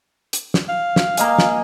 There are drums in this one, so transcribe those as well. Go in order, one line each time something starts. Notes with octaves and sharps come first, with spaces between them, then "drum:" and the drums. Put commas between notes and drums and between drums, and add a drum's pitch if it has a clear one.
drum: hi-hat
drum: snare
F5
drum: snare
A#3 D#5 G#5, drum: hi-hat
drum: snare